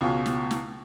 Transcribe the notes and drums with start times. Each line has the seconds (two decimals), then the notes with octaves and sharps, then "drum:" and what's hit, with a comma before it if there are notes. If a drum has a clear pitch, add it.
0.01 C#2 B2 C#4 F4
0.26 drum: snare
0.51 drum: snare